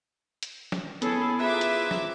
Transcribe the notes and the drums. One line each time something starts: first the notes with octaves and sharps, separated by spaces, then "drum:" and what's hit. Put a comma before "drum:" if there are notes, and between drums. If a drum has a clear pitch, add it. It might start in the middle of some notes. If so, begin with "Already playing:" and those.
drum: hi-hat
drum: snare
B3 C#4 E4 G#4 A4, drum: hi-hat
E4 F4 G#4 B4 C5 E5 A#5 D6
drum: hi-hat
drum: snare